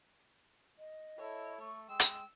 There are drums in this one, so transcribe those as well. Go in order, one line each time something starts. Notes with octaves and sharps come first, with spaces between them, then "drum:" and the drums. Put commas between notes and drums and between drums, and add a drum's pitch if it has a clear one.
D#5
E4 A4 C#5
A3 C#6
G#3 G5 E6
drum: hi-hat